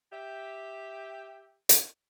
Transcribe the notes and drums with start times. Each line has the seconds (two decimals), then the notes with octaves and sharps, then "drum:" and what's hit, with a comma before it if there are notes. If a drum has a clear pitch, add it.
0.12 G4 E5
1.69 drum: hi-hat